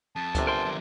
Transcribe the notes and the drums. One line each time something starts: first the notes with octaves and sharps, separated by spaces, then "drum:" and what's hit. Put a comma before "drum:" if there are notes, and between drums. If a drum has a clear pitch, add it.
F2 A5
G1 C3, drum: kick C#2, hi-hat
A#4 C5 F#5 G#5 C6
D#3 F#3